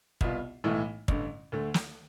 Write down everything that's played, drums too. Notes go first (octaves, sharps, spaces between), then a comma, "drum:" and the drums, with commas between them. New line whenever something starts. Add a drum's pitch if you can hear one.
C2 B2 B3 F4, drum: kick
B1 A2 E3 A3 E4
A1 G2 D3, drum: kick
D2 D3 A3
drum: snare